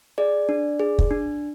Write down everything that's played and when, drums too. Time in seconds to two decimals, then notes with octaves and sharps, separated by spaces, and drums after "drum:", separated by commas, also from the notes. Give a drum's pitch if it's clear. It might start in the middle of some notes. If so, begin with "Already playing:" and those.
0.18 G#4 D5
0.49 D4
0.80 G#4
0.99 drum: kick
1.11 D4